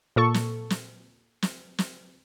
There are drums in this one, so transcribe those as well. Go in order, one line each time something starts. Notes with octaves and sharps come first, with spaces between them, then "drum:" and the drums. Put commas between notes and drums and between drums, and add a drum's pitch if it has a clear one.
A#2 A4 C#6
drum: snare
drum: snare
drum: snare
drum: snare